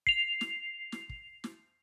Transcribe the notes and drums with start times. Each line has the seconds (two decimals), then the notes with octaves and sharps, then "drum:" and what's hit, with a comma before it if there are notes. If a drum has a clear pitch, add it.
0.07 C7 F7, drum: kick
0.41 drum: snare
0.92 drum: snare
1.09 drum: kick
1.44 drum: snare